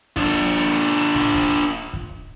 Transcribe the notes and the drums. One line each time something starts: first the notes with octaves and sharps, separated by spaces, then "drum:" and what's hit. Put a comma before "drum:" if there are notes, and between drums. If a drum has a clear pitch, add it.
D4 F4, drum: kick
drum: snare
drum: kick
drum: kick